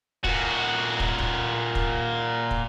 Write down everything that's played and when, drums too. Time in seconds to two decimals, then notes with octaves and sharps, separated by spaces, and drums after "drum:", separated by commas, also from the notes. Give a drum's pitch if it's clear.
0.24 A#2 F#4, drum: kick
1.00 drum: kick
1.19 drum: kick
1.75 drum: kick
2.51 drum: kick